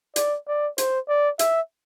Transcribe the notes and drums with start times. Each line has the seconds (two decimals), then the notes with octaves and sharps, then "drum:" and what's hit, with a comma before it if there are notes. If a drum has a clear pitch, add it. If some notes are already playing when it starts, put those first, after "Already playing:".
0.16 D5, drum: hi-hat
0.47 D5
0.78 C5, drum: hi-hat
1.08 D5
1.39 E5, drum: hi-hat